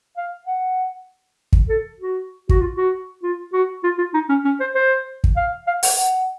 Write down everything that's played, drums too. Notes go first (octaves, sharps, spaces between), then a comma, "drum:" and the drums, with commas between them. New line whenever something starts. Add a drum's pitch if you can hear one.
F5
F#5
drum: kick
A4
F#4
F#4, drum: kick
F4
F#4
F4
F#4
F4
F4
D#4
C#4
C#4
C5
C5
drum: kick
F5
F5
F#5, drum: open hi-hat
F#5